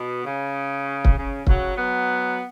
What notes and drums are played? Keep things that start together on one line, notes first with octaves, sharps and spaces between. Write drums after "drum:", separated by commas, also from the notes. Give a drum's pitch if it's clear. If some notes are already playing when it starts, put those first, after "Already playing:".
Already playing: B2
C#3
drum: kick C#1
C#3
C#3 F#3, drum: kick C#1
F#3 B3